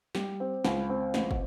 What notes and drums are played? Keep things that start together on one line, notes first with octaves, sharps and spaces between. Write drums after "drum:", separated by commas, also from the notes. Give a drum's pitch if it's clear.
G3, drum: snare
C4
C#2, drum: snare
C4
A1, drum: snare
drum: kick